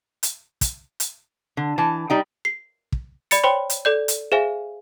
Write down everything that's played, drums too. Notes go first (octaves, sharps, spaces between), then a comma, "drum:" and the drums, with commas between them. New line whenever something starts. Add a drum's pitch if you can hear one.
drum: hi-hat
drum: kick, hi-hat
drum: hi-hat
D3
E3 A5
G3 D#4 G5
C7
drum: kick
D5 B5 A6 C#7, drum: hi-hat
C5 C#5 G5 B5 C6
drum: hi-hat
A4 D5 G6
drum: hi-hat
G#4 C5 E5 F5 G#5